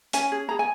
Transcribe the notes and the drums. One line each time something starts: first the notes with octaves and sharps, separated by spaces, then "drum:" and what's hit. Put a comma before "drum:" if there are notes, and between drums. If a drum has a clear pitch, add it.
C#4 G#5, drum: hi-hat
G#4
G#4 A#5
G#5